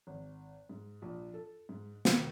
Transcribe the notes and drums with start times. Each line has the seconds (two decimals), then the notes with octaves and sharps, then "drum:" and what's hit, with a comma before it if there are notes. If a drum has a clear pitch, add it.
0.07 G#1
0.69 G#2
1.02 A#1
1.34 A4
1.69 G#2
2.05 D#3, drum: snare